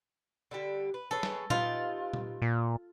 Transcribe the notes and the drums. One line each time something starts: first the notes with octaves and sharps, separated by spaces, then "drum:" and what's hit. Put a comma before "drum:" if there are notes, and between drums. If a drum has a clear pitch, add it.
D3 G3 G4
B4
G#4 A4 B4 C#5
drum: snare
D#4 F4 G4 B4, drum: tom A#2
drum: tom A#2
A#2